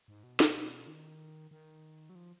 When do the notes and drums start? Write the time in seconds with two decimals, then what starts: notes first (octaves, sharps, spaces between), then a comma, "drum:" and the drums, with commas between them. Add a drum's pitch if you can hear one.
0.08 G#2
0.23 B2
0.40 drum: snare
0.87 D#3
1.51 D#3
2.10 F#3
2.15 F3